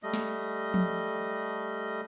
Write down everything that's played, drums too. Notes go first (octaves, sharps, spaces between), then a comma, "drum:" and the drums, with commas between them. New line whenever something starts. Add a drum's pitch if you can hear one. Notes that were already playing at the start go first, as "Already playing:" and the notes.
G3 A3 D#5
drum: snare
drum: tom F3